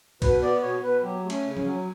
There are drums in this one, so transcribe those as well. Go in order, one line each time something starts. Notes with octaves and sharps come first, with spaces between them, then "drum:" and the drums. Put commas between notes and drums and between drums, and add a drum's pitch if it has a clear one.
B2 B4, drum: kick, cymbal
B3 D5
B2 C#5
B2 B4
F#3 G4
A3
C#4, drum: cymbal
C#3
C#4, drum: tom F3
F#3